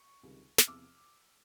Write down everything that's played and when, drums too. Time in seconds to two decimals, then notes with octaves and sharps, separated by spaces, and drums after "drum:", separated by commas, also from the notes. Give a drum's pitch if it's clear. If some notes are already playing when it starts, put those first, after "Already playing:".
Already playing: C#6
0.23 C#2 C3 D#3 G3
0.58 F6, drum: snare
0.67 E2 C3 F3 D6 E6